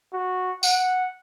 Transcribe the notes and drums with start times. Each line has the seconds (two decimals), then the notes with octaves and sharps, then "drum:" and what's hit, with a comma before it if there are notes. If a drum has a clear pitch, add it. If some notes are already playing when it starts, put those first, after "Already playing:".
0.13 F#4
0.63 F#5, drum: tambourine